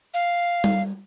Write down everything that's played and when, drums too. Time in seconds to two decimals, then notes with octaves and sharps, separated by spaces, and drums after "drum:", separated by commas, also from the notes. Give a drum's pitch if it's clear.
0.14 F5
0.64 drum: tom G3